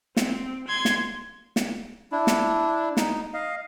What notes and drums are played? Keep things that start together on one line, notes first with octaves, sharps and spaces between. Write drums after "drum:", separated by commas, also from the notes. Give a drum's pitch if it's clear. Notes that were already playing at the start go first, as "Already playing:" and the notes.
C4, drum: snare
C6 G#6
drum: snare
drum: snare
D4 E4
drum: snare
D#4, drum: snare
D#5 F5